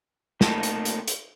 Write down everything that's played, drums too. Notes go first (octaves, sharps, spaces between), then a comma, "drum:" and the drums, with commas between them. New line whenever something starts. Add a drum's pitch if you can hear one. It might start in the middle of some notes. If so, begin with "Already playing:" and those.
C3 A3 A#3 D#4 A4, drum: snare
drum: hi-hat
drum: hi-hat
drum: hi-hat